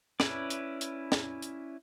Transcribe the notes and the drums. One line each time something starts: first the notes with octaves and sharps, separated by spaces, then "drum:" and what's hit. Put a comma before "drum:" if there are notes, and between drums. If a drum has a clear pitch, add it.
C#4 E4 B4 D5, drum: snare
drum: hi-hat
drum: hi-hat
drum: snare
drum: hi-hat